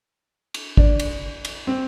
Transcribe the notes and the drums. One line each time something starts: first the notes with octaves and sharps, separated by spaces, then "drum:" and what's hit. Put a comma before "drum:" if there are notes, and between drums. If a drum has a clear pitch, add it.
drum: cymbal
D4, drum: kick
drum: cymbal
drum: cymbal
C4